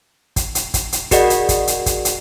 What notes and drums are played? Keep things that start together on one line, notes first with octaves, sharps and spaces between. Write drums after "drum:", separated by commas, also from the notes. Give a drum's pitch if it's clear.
drum: kick, hi-hat
drum: hi-hat
drum: kick, hi-hat
drum: hi-hat
F#4 G#4 A#4 D5 D#5 F#5, drum: kick, hi-hat
drum: hi-hat
drum: kick, hi-hat
drum: hi-hat
drum: kick, hi-hat
drum: hi-hat